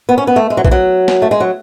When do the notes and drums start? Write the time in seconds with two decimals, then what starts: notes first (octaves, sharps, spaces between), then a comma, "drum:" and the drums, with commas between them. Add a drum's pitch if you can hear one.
0.09 B3
0.18 C#4
0.27 B3
0.36 A3
0.50 G#3
0.57 F#3
0.65 E3, drum: kick
0.71 F#3
1.08 drum: snare
1.22 A3
1.31 G#3
1.40 F#3